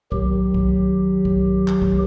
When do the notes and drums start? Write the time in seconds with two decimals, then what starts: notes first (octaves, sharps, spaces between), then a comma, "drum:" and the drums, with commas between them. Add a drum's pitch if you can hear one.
0.12 D#3 F#3 G4, drum: kick B1
0.54 drum: kick B1
1.25 drum: kick B1
1.68 drum: clap
1.82 drum: kick B1